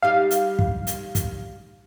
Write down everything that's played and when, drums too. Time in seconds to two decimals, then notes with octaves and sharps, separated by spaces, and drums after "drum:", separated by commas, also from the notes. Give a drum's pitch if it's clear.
0.02 G3 D#4 G4 F5
0.31 drum: hi-hat
0.59 drum: kick
0.87 drum: hi-hat
1.15 drum: kick, hi-hat